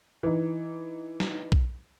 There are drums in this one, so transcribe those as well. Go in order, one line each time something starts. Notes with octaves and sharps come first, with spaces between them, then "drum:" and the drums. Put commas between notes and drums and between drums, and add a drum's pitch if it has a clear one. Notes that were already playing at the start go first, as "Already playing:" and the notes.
E3 D#4
drum: snare
drum: kick B1